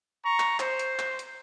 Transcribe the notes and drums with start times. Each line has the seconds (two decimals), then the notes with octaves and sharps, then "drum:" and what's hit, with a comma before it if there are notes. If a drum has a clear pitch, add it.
0.24 A#5 C#6
0.40 drum: clap
0.60 C5, drum: clap
0.79 drum: hi-hat
0.99 drum: clap
1.19 drum: hi-hat